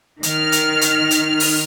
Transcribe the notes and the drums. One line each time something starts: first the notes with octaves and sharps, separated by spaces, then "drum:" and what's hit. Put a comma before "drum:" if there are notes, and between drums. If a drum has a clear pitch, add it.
D#3 F6, drum: hi-hat
drum: hi-hat
drum: hi-hat
drum: hi-hat
drum: open hi-hat